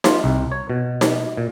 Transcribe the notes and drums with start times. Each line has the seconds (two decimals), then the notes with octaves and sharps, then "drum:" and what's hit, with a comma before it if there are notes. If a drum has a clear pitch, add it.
0.04 F4, drum: snare D#4
0.24 C2
0.52 C#5
0.70 B2
1.01 drum: snare D#4
1.37 A#2